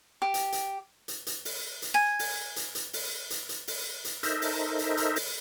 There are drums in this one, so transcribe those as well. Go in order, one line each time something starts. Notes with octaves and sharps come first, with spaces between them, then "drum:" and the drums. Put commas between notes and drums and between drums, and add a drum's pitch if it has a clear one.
G4
drum: hi-hat
drum: hi-hat
drum: hi-hat
drum: hi-hat
drum: open hi-hat
drum: hi-hat
G#5
drum: open hi-hat
drum: hi-hat
drum: hi-hat
drum: open hi-hat
drum: hi-hat
drum: hi-hat
drum: open hi-hat
drum: hi-hat
D#4 A4 A#4 C5 D#5 E5, drum: hi-hat
drum: open hi-hat
drum: hi-hat
drum: hi-hat
drum: open hi-hat